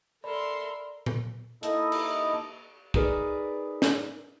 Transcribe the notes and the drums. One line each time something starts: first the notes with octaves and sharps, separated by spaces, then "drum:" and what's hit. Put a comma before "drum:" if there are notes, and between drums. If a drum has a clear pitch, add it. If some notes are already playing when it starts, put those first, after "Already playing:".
A4 A#4 D5 E5 B5 C6
drum: tom A#2
A#3 D#4 E4 A4 D#5, drum: hi-hat
drum: cymbal
D#4 G#4 A#4 B4 D5, drum: kick
drum: snare